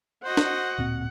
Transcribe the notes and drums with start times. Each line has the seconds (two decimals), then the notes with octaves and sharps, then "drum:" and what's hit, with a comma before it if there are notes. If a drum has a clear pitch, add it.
0.24 F#4 C5 D#5 F#5
0.37 drum: snare
0.78 D1 A#2 C4